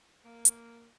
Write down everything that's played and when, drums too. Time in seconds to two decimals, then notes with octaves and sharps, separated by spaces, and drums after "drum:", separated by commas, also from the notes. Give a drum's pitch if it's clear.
0.25 A#3
0.45 drum: hi-hat